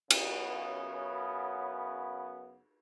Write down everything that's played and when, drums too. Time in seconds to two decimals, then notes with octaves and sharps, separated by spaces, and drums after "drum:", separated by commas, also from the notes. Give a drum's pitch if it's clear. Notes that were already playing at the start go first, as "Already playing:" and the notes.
0.10 F#2 C#3 B3, drum: cymbal